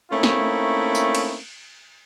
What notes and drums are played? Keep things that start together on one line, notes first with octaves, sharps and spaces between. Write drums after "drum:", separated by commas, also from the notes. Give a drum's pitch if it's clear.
A3 A#3 C4 C#4 D#4 E4
drum: snare
drum: tambourine
drum: cymbal